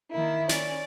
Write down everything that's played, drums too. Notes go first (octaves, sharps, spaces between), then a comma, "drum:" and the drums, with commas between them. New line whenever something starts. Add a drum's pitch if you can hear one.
D#3 A#3 E4
C#4 D5, drum: snare